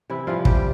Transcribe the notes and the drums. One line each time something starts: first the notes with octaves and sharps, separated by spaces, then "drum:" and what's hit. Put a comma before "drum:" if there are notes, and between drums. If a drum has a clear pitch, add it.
C3 E3 E4
E3 F3 G3 F4
C3 G3 G4, drum: kick